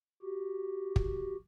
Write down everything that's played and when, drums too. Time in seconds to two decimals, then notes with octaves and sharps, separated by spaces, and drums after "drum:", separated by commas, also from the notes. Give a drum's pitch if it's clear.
0.23 F#4 G4
0.96 drum: kick